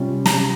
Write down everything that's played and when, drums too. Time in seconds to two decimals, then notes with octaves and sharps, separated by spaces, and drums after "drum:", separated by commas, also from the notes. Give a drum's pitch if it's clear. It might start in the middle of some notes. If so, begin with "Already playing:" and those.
Already playing: C3 G3 C#4 F4
0.26 A#5, drum: snare